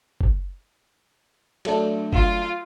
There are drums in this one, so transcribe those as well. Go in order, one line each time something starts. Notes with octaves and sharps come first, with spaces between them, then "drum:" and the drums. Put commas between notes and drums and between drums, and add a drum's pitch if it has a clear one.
drum: kick
F#3 A3 D4, drum: cymbal
F4, drum: kick